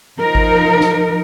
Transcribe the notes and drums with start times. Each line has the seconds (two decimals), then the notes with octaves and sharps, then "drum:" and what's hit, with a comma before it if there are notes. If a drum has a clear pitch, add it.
0.20 F3 D#4 A#4
0.35 drum: kick G#1
0.81 drum: snare